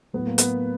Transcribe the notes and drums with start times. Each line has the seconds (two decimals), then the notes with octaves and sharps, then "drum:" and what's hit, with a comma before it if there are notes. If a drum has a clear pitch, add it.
0.13 A2 F#3 B3
0.27 A#3
0.38 B3, drum: hi-hat